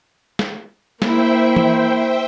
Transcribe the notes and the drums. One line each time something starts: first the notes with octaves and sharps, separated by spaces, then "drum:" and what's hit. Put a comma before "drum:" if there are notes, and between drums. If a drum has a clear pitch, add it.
drum: snare
A#3 E4 C5 E5 G5, drum: snare
drum: tom E3